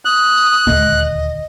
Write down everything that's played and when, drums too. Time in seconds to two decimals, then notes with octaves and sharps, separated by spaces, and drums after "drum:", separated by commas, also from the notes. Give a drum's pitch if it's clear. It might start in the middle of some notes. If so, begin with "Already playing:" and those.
0.05 D#6 F#6
0.67 D#1 D2 D#5, drum: tom G#3